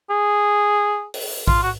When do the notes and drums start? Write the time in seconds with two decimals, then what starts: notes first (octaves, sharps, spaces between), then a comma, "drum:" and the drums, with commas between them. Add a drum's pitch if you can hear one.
0.10 G#4
1.14 drum: open hi-hat
1.48 F4, drum: kick A#1
1.63 F#4